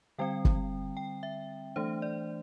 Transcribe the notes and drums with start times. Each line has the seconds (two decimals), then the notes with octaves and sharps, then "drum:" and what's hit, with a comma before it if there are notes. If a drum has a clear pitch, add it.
0.19 D3 G3 C4 G5
0.45 drum: kick
0.97 G5
1.23 E5
1.76 E3 A3 D4 C5
2.02 D5